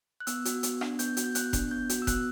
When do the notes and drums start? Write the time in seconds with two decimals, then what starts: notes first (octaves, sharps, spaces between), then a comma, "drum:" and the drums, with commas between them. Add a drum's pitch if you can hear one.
0.20 F#6
0.27 B3 E6, drum: hi-hat
0.45 F#4, drum: hi-hat
0.63 B3, drum: hi-hat
0.81 D4, drum: rim click
0.99 B3 G6, drum: hi-hat
1.17 F#4, drum: hi-hat
1.24 G6
1.35 B3 F#6, drum: hi-hat
1.53 D4, drum: kick F1, hi-hat
1.71 B3 G6
1.89 F#4, drum: hi-hat
2.02 E6
2.07 B3 F#6, drum: kick F1, hi-hat